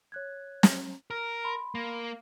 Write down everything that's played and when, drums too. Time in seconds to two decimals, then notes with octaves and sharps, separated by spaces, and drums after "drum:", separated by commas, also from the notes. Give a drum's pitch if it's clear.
0.12 C#5 F#6 G#6
0.63 drum: snare
1.10 A#4 F6
1.44 B5 C6
1.75 A#3